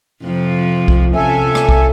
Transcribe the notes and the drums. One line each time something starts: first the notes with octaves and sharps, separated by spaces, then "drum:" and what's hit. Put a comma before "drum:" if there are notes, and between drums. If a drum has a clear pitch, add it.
F2 C3 F3
drum: kick B1
C3 C#4 F4 A4 E5 G#5
drum: rim click
drum: kick B1